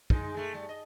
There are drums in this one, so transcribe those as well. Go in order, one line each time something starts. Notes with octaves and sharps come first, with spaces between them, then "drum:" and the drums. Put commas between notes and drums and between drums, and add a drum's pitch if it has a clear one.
G2 G#3 D#4, drum: kick
G#3 A3
G3 A3
D#5